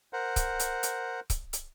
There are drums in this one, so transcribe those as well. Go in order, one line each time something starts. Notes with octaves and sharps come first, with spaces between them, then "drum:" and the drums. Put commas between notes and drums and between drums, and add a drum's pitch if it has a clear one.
A#4 C5 F#5
drum: kick C#1, hi-hat
drum: hi-hat
drum: hi-hat
drum: kick C#1, hi-hat
drum: hi-hat